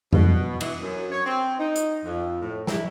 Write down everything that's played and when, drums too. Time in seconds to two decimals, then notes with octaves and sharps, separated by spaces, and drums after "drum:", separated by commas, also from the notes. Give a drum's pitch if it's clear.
0.13 B2, drum: tom F2
0.61 E3, drum: cymbal
0.81 F#2
1.12 C#5
1.25 C4
1.59 D#4
1.76 drum: hi-hat
2.04 F2
2.42 A2
2.67 E4, drum: snare